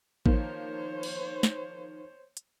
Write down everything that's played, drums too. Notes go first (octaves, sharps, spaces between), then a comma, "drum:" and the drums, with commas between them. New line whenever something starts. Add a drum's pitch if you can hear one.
D#3 F3 A#3 C5 C#5, drum: kick A1
drum: cymbal
drum: snare
drum: hi-hat